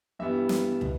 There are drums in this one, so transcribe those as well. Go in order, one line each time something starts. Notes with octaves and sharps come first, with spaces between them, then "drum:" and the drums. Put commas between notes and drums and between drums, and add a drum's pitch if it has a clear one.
G2 E3 G3 B3 E4 E5
drum: snare
B2 B3, drum: tom